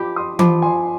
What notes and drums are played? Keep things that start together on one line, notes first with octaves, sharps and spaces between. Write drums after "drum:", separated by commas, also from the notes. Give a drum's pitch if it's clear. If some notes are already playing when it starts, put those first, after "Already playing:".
Already playing: F3 G4 B5 D6
C6 D#6
F3 B5 D6, drum: tom E3
G#5 C6